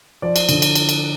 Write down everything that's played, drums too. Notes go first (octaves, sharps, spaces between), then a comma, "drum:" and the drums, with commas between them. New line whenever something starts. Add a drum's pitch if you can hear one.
F3 D5
drum: cymbal
D3, drum: cymbal
drum: cymbal
drum: cymbal
drum: cymbal